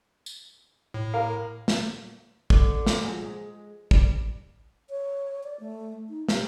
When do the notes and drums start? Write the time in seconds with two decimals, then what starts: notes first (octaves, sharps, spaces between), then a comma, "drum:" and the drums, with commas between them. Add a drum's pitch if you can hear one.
0.26 drum: tambourine
0.94 A2
1.14 A#3 A#4 F5
1.68 drum: snare
2.50 D3, drum: kick
2.87 drum: snare
2.99 F3 F#3 G#3
3.22 G#3
3.91 G3, drum: kick
4.90 C#5
5.44 D5
5.60 A3
6.09 D#4
6.29 G3, drum: snare